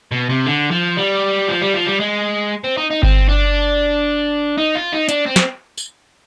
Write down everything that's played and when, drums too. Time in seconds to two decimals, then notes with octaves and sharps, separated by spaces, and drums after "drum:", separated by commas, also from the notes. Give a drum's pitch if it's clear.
0.11 B2
0.29 C3
0.46 D3
0.71 F3
0.97 G3
1.48 F3
1.62 G3
1.74 F3
1.87 G3
2.00 G#3
2.64 C4
2.77 D#4
2.91 D#4
3.03 C4, drum: kick G1
3.29 D4
4.58 D#4
4.75 F4
4.92 D#4
5.09 D4, drum: hi-hat
5.26 C4
5.36 drum: snare
5.78 drum: tambourine